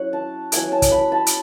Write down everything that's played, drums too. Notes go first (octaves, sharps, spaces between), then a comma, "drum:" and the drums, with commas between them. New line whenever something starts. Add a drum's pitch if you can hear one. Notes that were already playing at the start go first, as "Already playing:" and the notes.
Already playing: F#3 C#4 E4 F#5
A5
F#3 B3 E4 G#5, drum: hi-hat
A5
drum: kick, hi-hat
B5
A5
drum: hi-hat